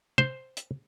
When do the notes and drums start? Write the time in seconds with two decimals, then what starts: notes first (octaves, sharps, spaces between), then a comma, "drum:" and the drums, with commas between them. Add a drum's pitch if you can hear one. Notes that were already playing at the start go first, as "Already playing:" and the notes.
0.18 C5, drum: tom
0.57 drum: hi-hat